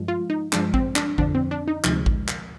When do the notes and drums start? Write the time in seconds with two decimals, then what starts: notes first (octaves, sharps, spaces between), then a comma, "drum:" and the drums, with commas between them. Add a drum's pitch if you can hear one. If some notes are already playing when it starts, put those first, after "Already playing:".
Already playing: G2 F3 G#3
0.08 F4
0.30 D#4
0.53 G2 F3 G#3 D4, drum: clap
0.74 C4, drum: kick A1
0.96 D4, drum: clap
1.18 F2 D3 F3 D4, drum: kick A1
1.35 C4
1.51 D4
1.68 D#4
1.84 D2 C3 F3 G#3, drum: clap
2.06 drum: kick A1
2.28 drum: clap